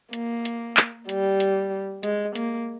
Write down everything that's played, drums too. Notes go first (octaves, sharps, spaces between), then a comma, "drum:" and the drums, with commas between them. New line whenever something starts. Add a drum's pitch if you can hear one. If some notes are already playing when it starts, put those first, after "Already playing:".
A#3, drum: hi-hat
drum: hi-hat
drum: clap
G3, drum: hi-hat
drum: hi-hat
G#3, drum: hi-hat
A#3, drum: hi-hat